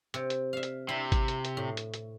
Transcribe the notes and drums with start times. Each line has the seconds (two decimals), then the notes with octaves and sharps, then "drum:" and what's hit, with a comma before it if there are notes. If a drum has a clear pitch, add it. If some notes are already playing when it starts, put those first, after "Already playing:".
0.14 C3, drum: hi-hat
0.30 drum: hi-hat
0.53 E5 F5
0.63 drum: hi-hat
0.89 C3 E4
1.12 drum: kick G#1, hi-hat
1.28 drum: hi-hat
1.45 drum: hi-hat
1.57 A2
1.77 drum: hi-hat
1.94 drum: hi-hat